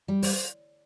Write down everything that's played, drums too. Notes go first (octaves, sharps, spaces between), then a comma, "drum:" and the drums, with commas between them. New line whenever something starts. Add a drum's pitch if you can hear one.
G3
C5, drum: open hi-hat